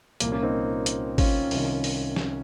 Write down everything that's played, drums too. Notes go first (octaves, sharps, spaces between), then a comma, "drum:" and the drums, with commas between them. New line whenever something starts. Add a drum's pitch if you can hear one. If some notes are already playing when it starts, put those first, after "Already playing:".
C2 A#2 F3 A#3, drum: hi-hat
A#3 C#4
C4 D#4
drum: hi-hat
C#4 F4, drum: kick, open hi-hat
C2 C3 D#3, drum: open hi-hat
drum: open hi-hat
drum: snare